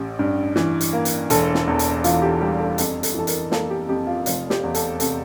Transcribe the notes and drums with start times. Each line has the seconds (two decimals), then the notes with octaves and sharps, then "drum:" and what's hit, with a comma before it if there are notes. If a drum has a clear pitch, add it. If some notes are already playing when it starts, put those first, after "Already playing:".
Already playing: A1 G4
0.19 G2
0.56 E3, drum: snare
0.81 drum: hi-hat
0.93 A#3
1.05 drum: hi-hat
1.30 E1 A4, drum: hi-hat
1.55 drum: snare
1.67 E2
1.79 drum: hi-hat
2.04 E3 F4, drum: hi-hat
2.22 G4
2.41 G3 G4
2.60 A4
2.78 F2 A4, drum: hi-hat
3.03 A4, drum: hi-hat
3.14 E3 A4
3.27 A#4, drum: hi-hat
3.52 A#3 A4, drum: snare
3.70 G4
3.89 F2 G4
4.07 F4
4.26 F1 F4, drum: hi-hat
4.50 G4, drum: snare
4.63 E2
4.75 A4, drum: hi-hat
5.00 C3 A4, drum: hi-hat